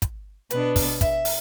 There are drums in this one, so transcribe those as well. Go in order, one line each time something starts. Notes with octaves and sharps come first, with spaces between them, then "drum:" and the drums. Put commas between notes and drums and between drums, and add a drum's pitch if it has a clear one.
drum: kick, hi-hat
B2 B3 D4 B4, drum: hi-hat
drum: kick, open hi-hat
E5, drum: kick, hi-hat
drum: open hi-hat